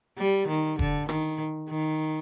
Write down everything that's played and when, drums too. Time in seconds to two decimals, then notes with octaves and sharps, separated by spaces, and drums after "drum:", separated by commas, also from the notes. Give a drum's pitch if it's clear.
0.18 G3
0.48 D#3
0.79 D3, drum: kick F1
1.09 D#3, drum: rim click
1.69 D#3